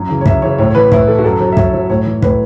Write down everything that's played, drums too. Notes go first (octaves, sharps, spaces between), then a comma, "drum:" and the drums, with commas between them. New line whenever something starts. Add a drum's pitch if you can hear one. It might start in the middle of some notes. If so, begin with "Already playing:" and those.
Already playing: F#2
C#3 E3
C#5
F#2 E5, drum: kick
C#3 E3 C#5
A2 C#5
C#5
E3 B4
A2 E4, drum: kick
E3 A4
F#4
F#2 A4
F#3
E5
F#2 C#5, drum: kick
F#3
A2 C#5
E3
A2 B4, drum: kick